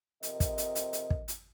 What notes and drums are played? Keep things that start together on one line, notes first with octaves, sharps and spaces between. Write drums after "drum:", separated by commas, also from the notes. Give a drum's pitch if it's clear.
F2 C3 A#4 D#5, drum: hi-hat
drum: kick, hi-hat
drum: hi-hat
drum: hi-hat
drum: hi-hat
drum: kick
drum: hi-hat